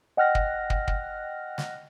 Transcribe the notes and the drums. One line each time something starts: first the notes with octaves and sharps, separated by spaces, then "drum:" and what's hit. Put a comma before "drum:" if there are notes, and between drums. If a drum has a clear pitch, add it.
D#5 F#5 G5 F6 F#6 A#6
drum: kick
drum: kick
drum: kick
drum: snare